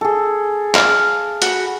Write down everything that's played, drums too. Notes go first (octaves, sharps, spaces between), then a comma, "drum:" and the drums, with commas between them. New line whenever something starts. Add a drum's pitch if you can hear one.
G#4 A4
F5, drum: clap
F#4 B5, drum: hi-hat